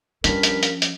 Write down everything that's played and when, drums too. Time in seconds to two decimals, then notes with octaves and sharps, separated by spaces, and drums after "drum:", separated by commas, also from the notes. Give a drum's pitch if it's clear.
0.24 G2 F3 C#4 A#4 B6, drum: hi-hat
0.43 drum: hi-hat
0.63 drum: hi-hat
0.82 drum: hi-hat